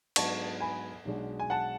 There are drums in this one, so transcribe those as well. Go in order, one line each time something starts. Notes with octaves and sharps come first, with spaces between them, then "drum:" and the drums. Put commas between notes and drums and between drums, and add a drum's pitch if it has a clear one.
G#2 F#3 B3 D4 A5 C#6, drum: cymbal
G#5 B5
B1 B2 G#3 D4
G#5
F#5 A5